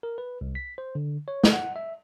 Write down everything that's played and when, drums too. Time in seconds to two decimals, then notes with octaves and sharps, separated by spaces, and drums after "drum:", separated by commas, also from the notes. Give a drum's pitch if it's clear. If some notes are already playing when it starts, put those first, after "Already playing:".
0.03 A#4
0.18 B4
0.41 C2
0.55 B6
0.78 C5
0.95 D3
1.28 C#5
1.43 drum: snare
1.53 F#5
1.76 E5